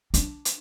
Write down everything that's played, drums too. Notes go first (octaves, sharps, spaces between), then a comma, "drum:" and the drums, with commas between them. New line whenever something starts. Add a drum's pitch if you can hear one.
D4, drum: hi-hat
drum: hi-hat